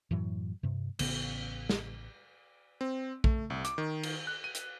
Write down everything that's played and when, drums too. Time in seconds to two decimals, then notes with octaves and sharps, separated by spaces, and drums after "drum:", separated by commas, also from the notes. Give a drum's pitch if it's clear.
0.11 F#2 A2 E3 F#3
0.63 G2 C3
0.99 A1 C#3 B3, drum: cymbal
1.69 drum: snare
2.81 C4
3.24 A3, drum: kick A#1
3.50 C2
3.65 D6, drum: hi-hat
3.78 D#3
4.03 drum: cymbal
4.27 F#6
4.44 D#7
4.55 drum: hi-hat